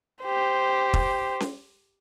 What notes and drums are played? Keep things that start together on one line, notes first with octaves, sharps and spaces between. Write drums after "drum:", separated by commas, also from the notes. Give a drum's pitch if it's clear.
G4 C5
drum: kick
drum: snare C#4